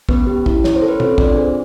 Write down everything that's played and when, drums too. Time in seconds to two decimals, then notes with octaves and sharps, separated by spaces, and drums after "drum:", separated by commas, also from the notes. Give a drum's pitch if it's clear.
0.09 B3 C#4 B4, drum: kick
0.27 G4
0.46 E4, drum: kick
0.64 C#4 C#5, drum: snare
0.76 C5
0.82 A4
0.88 B4
1.00 C4 F4 C5, drum: tom
1.18 C4 D4 D5, drum: kick
1.36 G#4